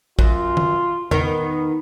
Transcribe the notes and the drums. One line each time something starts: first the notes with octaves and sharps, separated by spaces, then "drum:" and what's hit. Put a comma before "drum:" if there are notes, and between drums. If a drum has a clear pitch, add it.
F#2 F4, drum: kick
drum: tom
D#3 B3 D#4 A#4, drum: tom E2